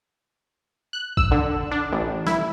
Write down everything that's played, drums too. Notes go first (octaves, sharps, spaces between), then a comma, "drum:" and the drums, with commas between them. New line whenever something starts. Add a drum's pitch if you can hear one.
F#6
E6, drum: kick
D3
D4
A1
E4, drum: snare